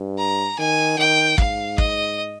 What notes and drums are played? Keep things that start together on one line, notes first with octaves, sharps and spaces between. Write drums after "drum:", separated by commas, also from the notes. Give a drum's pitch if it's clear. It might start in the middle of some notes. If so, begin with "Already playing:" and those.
Already playing: G2
A#5
D#3 G#5
D#3 G5
G#2 F5, drum: kick
D#5, drum: kick